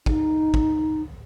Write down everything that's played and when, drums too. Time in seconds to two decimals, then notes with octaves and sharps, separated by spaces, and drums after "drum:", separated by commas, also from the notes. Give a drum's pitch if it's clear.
0.06 D#4, drum: kick
0.54 drum: kick